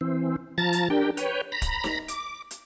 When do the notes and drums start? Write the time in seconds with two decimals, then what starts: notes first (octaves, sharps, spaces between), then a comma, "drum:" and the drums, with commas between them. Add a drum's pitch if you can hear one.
0.01 E3 C4
0.58 F3 A5 A#5 A6
0.73 drum: hi-hat
0.90 D4 G4 A#4 G5
1.17 B4 C#5 G5, drum: hi-hat
1.52 A#5 B5
1.62 drum: kick, hi-hat
1.84 drum: snare D#4
2.08 D6, drum: hi-hat
2.51 drum: hi-hat